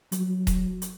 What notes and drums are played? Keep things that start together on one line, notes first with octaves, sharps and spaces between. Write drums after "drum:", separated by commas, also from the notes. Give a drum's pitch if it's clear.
F#3, drum: hi-hat
drum: kick D#1, hi-hat
drum: hi-hat